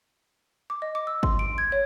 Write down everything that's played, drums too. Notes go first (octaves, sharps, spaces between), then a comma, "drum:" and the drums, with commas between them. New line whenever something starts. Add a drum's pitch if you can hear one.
D6
D#5
D6
E6
C6, drum: kick G1
D7
G#6
C#5